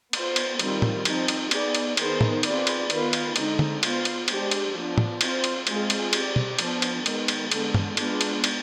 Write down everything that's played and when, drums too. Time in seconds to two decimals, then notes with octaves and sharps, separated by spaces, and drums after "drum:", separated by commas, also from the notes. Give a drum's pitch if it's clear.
0.13 B3 F4 C5, drum: cymbal
0.36 drum: cymbal
0.59 D#3 G3 C4 F4, drum: cymbal
0.82 drum: tom
1.05 F3 C4 D#4, drum: cymbal
1.28 drum: cymbal
1.51 B3 D#4 G#4 D5, drum: cymbal
1.75 drum: cymbal
1.97 D#3 B3 D#4 G#4 C5, drum: cymbal
2.21 drum: tom
2.43 C4 F4 G#4 B4 D5, drum: cymbal
2.67 drum: cymbal
2.90 D#3 B3 F4 B4, drum: cymbal
3.13 drum: cymbal
3.36 D3 G#3 C4 D#4, drum: cymbal
3.59 drum: tom
3.83 B3 F4 C5, drum: cymbal
4.05 drum: cymbal
4.28 G#3 D4 G4 C5, drum: cymbal
4.51 drum: cymbal
4.74 F3 B3 D4
4.98 drum: tom
5.21 C4 F4 C5, drum: cymbal
5.44 drum: cymbal
5.67 G#3 C4 F4 G#4, drum: cymbal
5.90 drum: cymbal
6.13 C4 G4 D5, drum: cymbal
6.36 drum: tom
6.59 F3 B3 D4, drum: cymbal
6.82 drum: cymbal
7.06 D#3 G#3 B3, drum: cymbal
7.28 drum: cymbal
7.51 D3 G#3 B3, drum: cymbal
7.75 drum: tom
7.97 G#3 B3 D4 F4 G#4, drum: cymbal
8.21 drum: cymbal
8.44 drum: cymbal